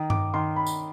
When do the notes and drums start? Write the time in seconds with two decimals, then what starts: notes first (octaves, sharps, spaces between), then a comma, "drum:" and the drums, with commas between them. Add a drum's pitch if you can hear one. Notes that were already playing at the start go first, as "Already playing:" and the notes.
Already playing: D#3
0.10 D6, drum: tom G2
0.34 D#3 C6
0.56 B5
0.67 drum: tambourine